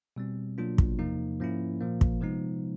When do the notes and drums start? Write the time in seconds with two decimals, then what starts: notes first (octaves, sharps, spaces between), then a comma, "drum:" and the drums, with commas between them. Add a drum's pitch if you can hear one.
0.16 B2 G3 C4
0.58 B2 F#3 A#3 D4 F4
0.78 drum: kick
0.99 E2 C3 F3 A#3 D#4
1.40 G#2 F3 A#3 C#4 E4
1.81 A#2 F3 A#3
2.01 drum: kick
2.21 C3 F3 G#3 B3 D#4